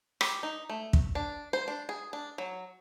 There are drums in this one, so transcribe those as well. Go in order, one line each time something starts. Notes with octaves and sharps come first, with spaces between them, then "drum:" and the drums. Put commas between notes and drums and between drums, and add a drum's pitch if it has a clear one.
G4, drum: rim click
D#4
A3
drum: kick
D4
C5
D4
G#4
D4
F#3